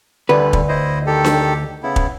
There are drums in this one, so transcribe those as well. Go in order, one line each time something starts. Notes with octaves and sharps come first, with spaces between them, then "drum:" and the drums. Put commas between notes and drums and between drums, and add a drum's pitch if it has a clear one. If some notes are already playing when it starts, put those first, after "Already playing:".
D2 D3 G3 B4
drum: kick
E4 C5 D#5
D#3 G4 A4
drum: snare D4
C#3 B3 E4
drum: kick